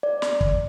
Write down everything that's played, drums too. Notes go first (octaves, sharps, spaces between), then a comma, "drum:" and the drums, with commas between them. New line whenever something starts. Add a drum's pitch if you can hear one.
D5
drum: snare
drum: kick